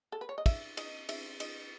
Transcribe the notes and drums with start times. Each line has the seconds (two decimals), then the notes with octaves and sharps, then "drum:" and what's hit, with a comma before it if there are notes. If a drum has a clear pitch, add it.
0.12 A4
0.21 B4
0.29 C#5
0.38 D#5
0.46 E5, drum: kick, cymbal
0.77 D#5, drum: cymbal
1.09 E5, drum: cymbal
1.40 D#5, drum: cymbal